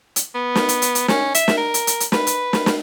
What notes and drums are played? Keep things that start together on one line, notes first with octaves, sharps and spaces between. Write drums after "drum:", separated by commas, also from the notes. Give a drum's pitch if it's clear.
drum: hi-hat
B3
drum: snare
drum: hi-hat
drum: hi-hat
drum: hi-hat
C#4, drum: snare
E5, drum: hi-hat
drum: snare
A#4
drum: hi-hat
drum: hi-hat
drum: hi-hat
B4, drum: snare
drum: hi-hat
drum: snare
drum: snare